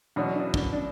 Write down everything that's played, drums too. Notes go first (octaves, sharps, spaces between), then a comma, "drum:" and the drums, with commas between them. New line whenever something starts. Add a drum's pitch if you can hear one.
E2 B2 F#3 D4
D4
D4, drum: kick
D4